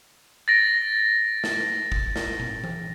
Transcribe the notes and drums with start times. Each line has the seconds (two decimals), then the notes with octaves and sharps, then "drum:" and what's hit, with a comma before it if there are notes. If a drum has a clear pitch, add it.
0.48 A6 A#6 D7
1.44 drum: snare
1.92 drum: kick G1
2.16 drum: snare
2.40 drum: tom A#2
2.64 drum: tom E3